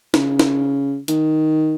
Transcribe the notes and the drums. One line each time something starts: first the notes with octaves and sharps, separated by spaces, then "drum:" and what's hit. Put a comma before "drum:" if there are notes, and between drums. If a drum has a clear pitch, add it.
C#3, drum: snare
drum: snare
D#3, drum: hi-hat